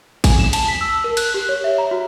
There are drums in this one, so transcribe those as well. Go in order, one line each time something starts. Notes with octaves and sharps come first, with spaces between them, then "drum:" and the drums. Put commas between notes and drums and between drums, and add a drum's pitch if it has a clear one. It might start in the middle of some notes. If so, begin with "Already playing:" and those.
G#5, drum: kick A1, cymbal
E7
A5, drum: cymbal
B6
E6
A#4
F#6, drum: cymbal
G4
C#5
E5
A#5
F#4